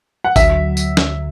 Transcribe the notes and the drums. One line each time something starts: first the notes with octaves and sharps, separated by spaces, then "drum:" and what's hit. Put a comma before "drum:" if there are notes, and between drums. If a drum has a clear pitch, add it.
F#5
D2 D3 F#3 E5, drum: kick G#1, tambourine
drum: tambourine
drum: snare